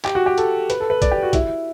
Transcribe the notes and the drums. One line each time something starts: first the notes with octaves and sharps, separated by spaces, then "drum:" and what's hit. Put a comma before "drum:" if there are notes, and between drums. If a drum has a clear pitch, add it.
G4, drum: clap
F#4
G4
A4, drum: hi-hat
B4, drum: hi-hat
A4
B4
D5, drum: kick, hi-hat
G4
F#4
E4, drum: kick, hi-hat